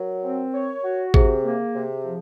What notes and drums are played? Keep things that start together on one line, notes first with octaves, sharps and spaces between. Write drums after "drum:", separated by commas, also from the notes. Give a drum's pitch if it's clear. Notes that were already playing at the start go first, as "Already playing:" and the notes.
Already playing: F#3 A#4
C4
C#5
F#4
C3 G#4, drum: kick G#1
A#3
C3
F3